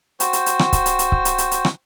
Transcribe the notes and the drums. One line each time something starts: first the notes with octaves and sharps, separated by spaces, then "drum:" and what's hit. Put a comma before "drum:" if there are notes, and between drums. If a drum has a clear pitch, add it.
F#4 C5 G5, drum: hi-hat
drum: hi-hat
drum: hi-hat
drum: rim click
drum: kick C#1, hi-hat
drum: hi-hat
drum: hi-hat
drum: kick C#1
drum: hi-hat
drum: hi-hat
drum: hi-hat
drum: rim click